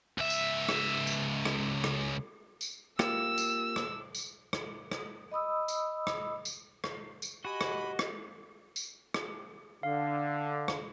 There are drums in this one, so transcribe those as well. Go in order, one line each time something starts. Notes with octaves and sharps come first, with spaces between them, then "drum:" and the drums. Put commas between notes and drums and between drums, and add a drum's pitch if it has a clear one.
C#2 E5
drum: tambourine
drum: rim click
drum: tambourine
drum: rim click
drum: rim click
drum: tambourine
A#3 F4 G4 E6, drum: rim click
drum: tambourine
drum: rim click
drum: tambourine
drum: rim click
drum: rim click
D#5 B5 D#6 E6
drum: tambourine
drum: rim click
drum: tambourine
drum: rim click
drum: tambourine
F#4 G4 D#5 G#5 B5
drum: rim click
drum: rim click
drum: tambourine
drum: rim click
D3 F5
drum: rim click